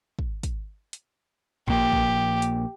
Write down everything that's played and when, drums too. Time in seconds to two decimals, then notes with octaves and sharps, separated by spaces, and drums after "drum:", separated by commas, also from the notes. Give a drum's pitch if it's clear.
0.19 drum: kick
0.43 drum: kick, hi-hat
0.93 drum: hi-hat
1.68 A#1 A#3 G4, drum: kick
1.93 drum: kick
2.42 drum: hi-hat